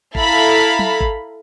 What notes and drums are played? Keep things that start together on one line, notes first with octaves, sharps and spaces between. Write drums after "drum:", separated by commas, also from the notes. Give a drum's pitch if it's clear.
E4 A4 F5 A#5 B5, drum: kick
drum: tom
drum: kick